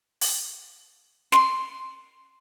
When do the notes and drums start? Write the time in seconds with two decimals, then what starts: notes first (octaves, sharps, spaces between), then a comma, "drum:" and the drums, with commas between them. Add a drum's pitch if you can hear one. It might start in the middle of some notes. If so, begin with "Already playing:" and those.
0.21 drum: open hi-hat
1.32 C6, drum: snare